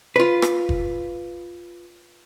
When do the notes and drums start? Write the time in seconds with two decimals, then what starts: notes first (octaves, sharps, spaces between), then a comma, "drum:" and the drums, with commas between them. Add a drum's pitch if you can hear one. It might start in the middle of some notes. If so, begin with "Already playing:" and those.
0.16 F4 B4
0.42 drum: rim click
0.69 drum: kick